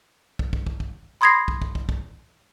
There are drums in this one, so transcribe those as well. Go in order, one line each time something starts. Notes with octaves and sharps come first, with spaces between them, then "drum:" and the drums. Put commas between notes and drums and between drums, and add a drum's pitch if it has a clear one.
drum: kick
drum: kick
drum: kick
drum: kick
B5 C6 D#6 G#6 A#6 C7
drum: kick
drum: kick
drum: kick
drum: kick